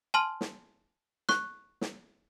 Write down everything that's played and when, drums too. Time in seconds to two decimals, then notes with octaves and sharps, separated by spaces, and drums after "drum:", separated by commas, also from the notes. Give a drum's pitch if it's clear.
0.14 G#5 A5 C6 F6 F#7
0.41 drum: snare
1.29 C#6 F#6, drum: snare
1.81 drum: snare